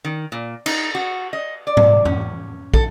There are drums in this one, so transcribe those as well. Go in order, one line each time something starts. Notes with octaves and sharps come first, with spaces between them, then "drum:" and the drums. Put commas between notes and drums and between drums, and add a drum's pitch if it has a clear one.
D#3
A#2
D#4, drum: cymbal
F#4
D#5
D5
drum: tom G#2
C#4, drum: tom F2
A4, drum: kick